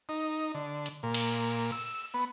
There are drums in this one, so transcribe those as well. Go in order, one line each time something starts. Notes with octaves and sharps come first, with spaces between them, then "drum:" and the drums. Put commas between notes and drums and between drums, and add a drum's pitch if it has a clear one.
D#4
D3
drum: hi-hat
A#2
drum: cymbal
E6
B3